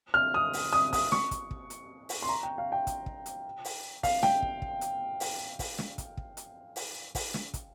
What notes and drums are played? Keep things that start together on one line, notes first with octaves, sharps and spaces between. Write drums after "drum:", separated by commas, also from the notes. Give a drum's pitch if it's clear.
F6
D#6
drum: open hi-hat
D#6
D#6, drum: kick, open hi-hat
C#6, drum: snare
drum: kick, hi-hat
drum: kick
drum: hi-hat
drum: open hi-hat
C6
A#5
G5
F5
G5
drum: kick, hi-hat
drum: kick
drum: hi-hat
drum: open hi-hat
F5, drum: kick, open hi-hat
G5, drum: snare
drum: kick
drum: kick
drum: hi-hat
drum: open hi-hat
drum: kick, open hi-hat
drum: snare
drum: kick, hi-hat
drum: kick
drum: hi-hat
drum: open hi-hat
drum: kick, open hi-hat
drum: snare
drum: kick, hi-hat